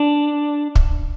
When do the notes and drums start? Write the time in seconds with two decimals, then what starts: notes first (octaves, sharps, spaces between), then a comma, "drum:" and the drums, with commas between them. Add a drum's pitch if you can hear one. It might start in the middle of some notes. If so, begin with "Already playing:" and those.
Already playing: D4
0.75 drum: kick